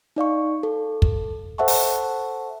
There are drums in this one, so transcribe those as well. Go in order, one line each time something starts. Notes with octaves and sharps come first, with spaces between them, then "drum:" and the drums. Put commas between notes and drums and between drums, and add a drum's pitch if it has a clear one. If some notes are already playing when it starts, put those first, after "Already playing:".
D#4 D5 F5 C#6
A4
drum: kick
A4 C5 E5 F#5 A5 C#6
drum: open hi-hat